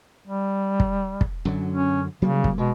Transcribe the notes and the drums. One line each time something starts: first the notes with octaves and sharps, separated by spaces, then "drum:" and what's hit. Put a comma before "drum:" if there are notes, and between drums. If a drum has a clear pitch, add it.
G3
drum: kick
drum: kick
F#2 D3 F#3
C#4
C#3 F#3 G3 A#3
drum: kick
B2 G#3